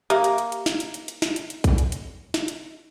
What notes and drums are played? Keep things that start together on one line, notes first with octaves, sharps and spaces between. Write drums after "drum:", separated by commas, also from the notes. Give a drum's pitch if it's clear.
A#3 G4 E5, drum: hi-hat
drum: hi-hat
drum: hi-hat
drum: hi-hat
drum: snare
drum: hi-hat
drum: hi-hat
drum: hi-hat
drum: snare
drum: hi-hat
drum: hi-hat
drum: kick A#1, hi-hat
drum: hi-hat
drum: hi-hat
drum: snare
drum: hi-hat